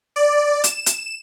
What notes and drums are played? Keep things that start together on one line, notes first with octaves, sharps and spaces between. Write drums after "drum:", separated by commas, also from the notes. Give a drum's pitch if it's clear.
D5
E7, drum: hi-hat
drum: hi-hat